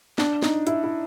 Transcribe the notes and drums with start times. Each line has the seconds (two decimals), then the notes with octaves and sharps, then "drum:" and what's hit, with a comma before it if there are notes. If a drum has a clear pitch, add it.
0.18 D4, drum: snare
0.42 D#4, drum: snare
0.67 E4, drum: hi-hat
0.84 E4